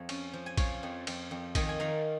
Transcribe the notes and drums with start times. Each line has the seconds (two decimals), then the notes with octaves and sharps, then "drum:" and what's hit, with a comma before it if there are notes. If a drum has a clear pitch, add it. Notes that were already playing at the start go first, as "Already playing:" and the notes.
Already playing: F2 F3 C#5 F5
0.09 C#4, drum: cymbal
0.33 F3
0.46 G#5
0.57 F3 C#5 F5, drum: kick A#1, cymbal
0.83 F2
1.07 F2, drum: cymbal
1.31 F2
1.55 D#3 D#5 G#5, drum: kick A#1, cymbal
1.69 G#5
1.80 D#3 F5 A#5